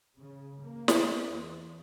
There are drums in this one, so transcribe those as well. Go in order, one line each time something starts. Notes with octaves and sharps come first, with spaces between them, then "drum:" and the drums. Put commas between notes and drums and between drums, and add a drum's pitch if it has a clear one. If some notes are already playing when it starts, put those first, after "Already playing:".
C#3
A#3
drum: snare
E2